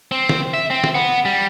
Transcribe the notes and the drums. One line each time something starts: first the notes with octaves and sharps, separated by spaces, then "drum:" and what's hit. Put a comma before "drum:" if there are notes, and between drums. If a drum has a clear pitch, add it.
C4
drum: snare
E5
C4
drum: snare
B3
G3